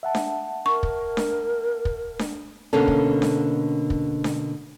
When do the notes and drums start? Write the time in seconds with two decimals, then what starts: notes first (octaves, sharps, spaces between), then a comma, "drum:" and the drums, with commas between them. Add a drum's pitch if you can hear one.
0.03 E5 F#5 A5
0.15 drum: snare D4
0.66 A#4 C#6
0.83 drum: kick
1.17 drum: snare D4
1.85 drum: kick
2.19 drum: snare D4
2.73 B2 D3 A#3 C#4 A4
2.88 drum: kick
3.22 drum: snare D4
3.90 drum: kick
4.24 drum: snare D4